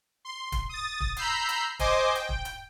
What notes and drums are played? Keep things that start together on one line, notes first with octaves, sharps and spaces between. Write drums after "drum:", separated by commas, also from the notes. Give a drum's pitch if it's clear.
C6
drum: kick, hi-hat
D#6 A6
drum: kick
A#5 B5 E6 G6 C7, drum: hi-hat
drum: hi-hat
C5 D#5 G#5 C6 D6, drum: kick, hi-hat
G5, drum: hi-hat
drum: kick
drum: hi-hat